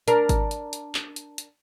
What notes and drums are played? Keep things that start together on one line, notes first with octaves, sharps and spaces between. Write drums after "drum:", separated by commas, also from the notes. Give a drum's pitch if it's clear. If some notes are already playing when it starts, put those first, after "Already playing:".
D4 A#4, drum: hi-hat
drum: kick G#1, hi-hat
drum: hi-hat
drum: hi-hat
drum: clap
drum: hi-hat
drum: hi-hat